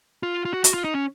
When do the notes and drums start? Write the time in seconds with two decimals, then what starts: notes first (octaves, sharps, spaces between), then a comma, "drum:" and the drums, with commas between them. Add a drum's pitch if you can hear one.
0.23 F4
0.45 F4
0.53 F#4
0.64 F#4, drum: hi-hat
0.74 F4
0.84 D#4
0.94 C#4